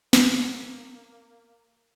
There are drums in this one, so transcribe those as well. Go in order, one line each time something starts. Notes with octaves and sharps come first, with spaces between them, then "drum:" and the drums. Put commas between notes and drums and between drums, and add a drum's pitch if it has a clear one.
A#3, drum: snare